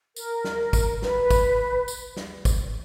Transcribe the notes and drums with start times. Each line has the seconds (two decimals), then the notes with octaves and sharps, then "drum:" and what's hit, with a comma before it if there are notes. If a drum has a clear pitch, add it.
0.16 A#4, drum: tambourine
0.44 drum: snare
0.73 drum: kick, tambourine
1.02 B4, drum: snare
1.31 drum: kick, tambourine
1.88 drum: tambourine
2.17 drum: snare
2.45 drum: kick, tambourine